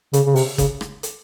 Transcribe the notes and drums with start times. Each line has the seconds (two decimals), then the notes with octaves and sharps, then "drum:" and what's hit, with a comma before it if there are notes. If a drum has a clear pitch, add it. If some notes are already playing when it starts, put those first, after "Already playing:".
0.13 C#3, drum: hi-hat
0.26 C#3
0.36 C3, drum: open hi-hat
0.58 C#3, drum: kick F#1, hi-hat
0.81 drum: rim click
1.03 drum: hi-hat